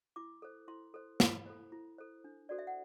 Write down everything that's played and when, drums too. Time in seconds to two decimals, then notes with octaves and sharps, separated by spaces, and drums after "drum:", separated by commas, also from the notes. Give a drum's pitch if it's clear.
0.16 E4 D6
0.42 A4 C5
0.68 E4 C6
0.94 A4 C5
1.20 E4 B5, drum: snare
1.46 A4 C5
1.72 E4
1.98 A4 C5
2.24 D4
2.49 F#4 A4 C5 D5
2.59 E5
2.67 F#5